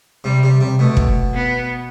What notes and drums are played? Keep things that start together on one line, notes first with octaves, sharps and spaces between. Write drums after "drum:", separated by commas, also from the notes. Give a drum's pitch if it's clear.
C3 G3
C3
C3
B2 A3
drum: kick
B3